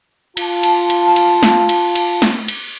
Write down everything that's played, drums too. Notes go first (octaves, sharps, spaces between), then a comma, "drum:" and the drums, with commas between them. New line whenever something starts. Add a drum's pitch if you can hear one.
F4 A5, drum: cymbal
drum: cymbal
drum: cymbal
drum: cymbal
drum: snare
drum: cymbal
drum: cymbal
drum: snare
drum: cymbal